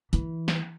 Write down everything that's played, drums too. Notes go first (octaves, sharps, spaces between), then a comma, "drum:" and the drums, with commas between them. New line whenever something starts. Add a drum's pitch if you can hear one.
E3, drum: hi-hat
drum: snare